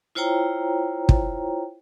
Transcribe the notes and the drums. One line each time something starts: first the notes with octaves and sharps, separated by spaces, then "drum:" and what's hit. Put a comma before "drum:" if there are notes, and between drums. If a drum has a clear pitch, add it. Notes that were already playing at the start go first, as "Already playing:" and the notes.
E4 F4 C5 C#5 G5 A#5
drum: kick